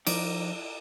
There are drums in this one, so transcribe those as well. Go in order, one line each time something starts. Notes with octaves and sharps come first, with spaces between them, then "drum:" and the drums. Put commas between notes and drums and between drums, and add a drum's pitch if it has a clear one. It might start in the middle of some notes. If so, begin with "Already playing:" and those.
F3 D#4 D5, drum: cymbal